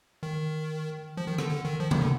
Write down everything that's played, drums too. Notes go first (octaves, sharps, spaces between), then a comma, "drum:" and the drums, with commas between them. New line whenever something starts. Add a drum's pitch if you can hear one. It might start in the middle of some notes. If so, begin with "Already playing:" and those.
D#3
F3
D#3
D3, drum: rim click
D3
D#3
F3
D#3, drum: tom C3
D3